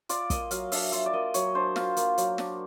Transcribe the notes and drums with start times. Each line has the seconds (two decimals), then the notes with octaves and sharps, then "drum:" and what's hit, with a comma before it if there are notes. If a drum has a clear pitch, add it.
0.09 F4 D5, drum: hi-hat
0.30 A#3 D#5, drum: kick, hi-hat
0.51 F#3 F5, drum: hi-hat
0.72 D4 E5, drum: open hi-hat
0.92 F4 E5, drum: hi-hat
1.06 D5
1.13 A#3 D#5
1.34 F#3 C#5, drum: hi-hat
1.55 D4 C5
1.76 F4 F5, drum: snare
1.97 A#3, drum: hi-hat
2.18 F#3, drum: hi-hat
2.38 D4, drum: snare